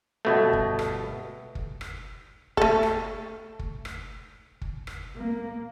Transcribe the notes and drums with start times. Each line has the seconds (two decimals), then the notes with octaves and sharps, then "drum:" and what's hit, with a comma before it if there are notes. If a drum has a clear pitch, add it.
0.25 G1 B2 A3
0.53 drum: kick
0.79 drum: rim click
1.55 drum: kick
1.81 drum: rim click
2.57 A3 A4, drum: kick
2.83 drum: rim click
3.59 drum: kick
3.85 drum: rim click
4.62 drum: kick
4.87 drum: rim click
5.16 A#3